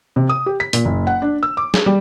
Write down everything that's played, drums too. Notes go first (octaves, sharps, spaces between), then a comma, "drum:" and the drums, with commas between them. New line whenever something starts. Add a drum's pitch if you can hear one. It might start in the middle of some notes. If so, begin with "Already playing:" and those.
C3
D#6
G4
B6
A#2, drum: hi-hat
F#1
F#5
D4
E6
D6
G#4, drum: snare
G3